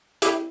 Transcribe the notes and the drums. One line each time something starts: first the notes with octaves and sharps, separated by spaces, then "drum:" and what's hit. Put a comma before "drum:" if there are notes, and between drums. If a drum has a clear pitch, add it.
E4 G4, drum: hi-hat